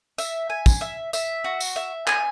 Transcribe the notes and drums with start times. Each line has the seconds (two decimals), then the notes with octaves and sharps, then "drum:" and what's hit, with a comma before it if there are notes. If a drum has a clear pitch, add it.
0.18 E5, drum: tambourine
0.50 G#5
0.66 drum: kick, tambourine
0.81 E5
1.13 E5, drum: tambourine
1.44 F#4
1.61 drum: tambourine
1.76 E5
2.07 G#5, drum: clap